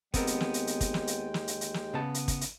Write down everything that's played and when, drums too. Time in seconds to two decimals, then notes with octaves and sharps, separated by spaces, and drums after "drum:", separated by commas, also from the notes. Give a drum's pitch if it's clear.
0.14 D#2 G#3 B3 C4 A#4 G5, drum: kick, hi-hat
0.27 drum: hi-hat
0.40 drum: snare
0.54 drum: hi-hat
0.67 drum: hi-hat
0.81 drum: kick, hi-hat
0.94 drum: snare
1.07 drum: hi-hat
1.34 drum: snare
1.48 drum: hi-hat
1.61 drum: hi-hat
1.74 drum: snare
1.94 C#3 B3 A5
2.14 drum: hi-hat
2.28 drum: kick, hi-hat
2.41 drum: hi-hat